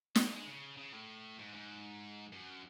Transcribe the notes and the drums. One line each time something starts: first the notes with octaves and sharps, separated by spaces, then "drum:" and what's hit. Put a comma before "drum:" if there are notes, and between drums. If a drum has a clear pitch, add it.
E3, drum: snare
G#3
C#3
C#3
A2
G#2
G#2
F#2